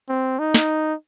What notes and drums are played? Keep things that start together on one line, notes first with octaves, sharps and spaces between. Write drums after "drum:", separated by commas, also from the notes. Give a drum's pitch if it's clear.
C4
D#4
drum: snare